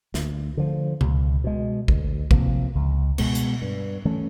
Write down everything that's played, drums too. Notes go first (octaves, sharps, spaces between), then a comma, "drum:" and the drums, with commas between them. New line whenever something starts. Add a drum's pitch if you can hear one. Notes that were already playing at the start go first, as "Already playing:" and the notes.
D2, drum: snare
D3 F3
C#2, drum: tom B2
B2 G#3
D2, drum: kick
C3 F3 A#3, drum: kick
C#2
B2 G#3 B3, drum: cymbal
drum: hi-hat
G2
E3 A3 C#4